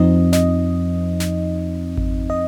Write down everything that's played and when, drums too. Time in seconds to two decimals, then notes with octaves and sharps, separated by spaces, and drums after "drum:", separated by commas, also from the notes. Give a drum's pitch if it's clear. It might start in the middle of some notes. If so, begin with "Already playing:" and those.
Already playing: F2 F3 C4 D#4 D#5
0.33 D#5, drum: snare
1.20 drum: snare
1.97 drum: kick G#1
2.30 D#5